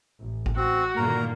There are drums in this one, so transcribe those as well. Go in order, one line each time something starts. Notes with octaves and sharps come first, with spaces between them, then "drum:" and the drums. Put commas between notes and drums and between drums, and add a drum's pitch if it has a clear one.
A1
drum: kick G#1
C4 F#4
G2 A#2 D3 D#3 A#3 A#4 A#5